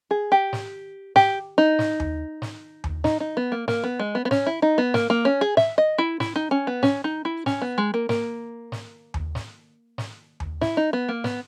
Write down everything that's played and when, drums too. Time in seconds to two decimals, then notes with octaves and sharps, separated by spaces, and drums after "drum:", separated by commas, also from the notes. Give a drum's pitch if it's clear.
0.11 G#4
0.32 G4
0.53 drum: snare
1.16 G4, drum: snare
1.58 D#4
1.79 drum: snare
2.00 drum: tom D#2
2.42 drum: snare
2.84 drum: tom D#2
3.04 D#4, drum: snare
3.20 D#4
3.37 B3
3.52 A#3
3.68 A#3, drum: snare
3.84 B3
3.99 G#3
4.15 B3
4.25 B3
4.31 C#4, drum: snare
4.46 E4
4.62 D#4
4.78 B3
4.94 A#3, drum: snare
5.10 A#3
5.25 C#4
5.41 G#4
5.57 E5, drum: snare
5.78 D#5
5.98 E4
6.20 E4, drum: snare
6.36 D#4
6.51 C#4
6.67 B3
6.83 C#4, drum: snare
7.04 D#4
7.25 E4
7.46 C#4, drum: snare
7.62 B3
7.78 G#3
7.94 A#3
8.09 A#3, drum: snare
8.72 drum: snare
9.14 drum: tom D#2
9.35 drum: snare
9.98 drum: snare
10.40 drum: tom D#2
10.61 E4, drum: snare
10.77 D#4
10.93 B3
11.09 A#3
11.24 B3, drum: snare